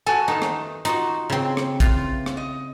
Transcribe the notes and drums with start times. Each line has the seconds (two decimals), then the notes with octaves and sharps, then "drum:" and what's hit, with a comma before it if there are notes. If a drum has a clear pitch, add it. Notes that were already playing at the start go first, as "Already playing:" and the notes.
0.06 A#2 F#4 A4 G#5
0.28 E2 D#3 D#4 A5
0.42 drum: rim click
0.85 D#4 F4 F#4, drum: hi-hat
1.30 C#3 C4
1.57 drum: rim click
1.80 E3 F4, drum: kick, hi-hat
2.26 drum: rim click
2.37 D#5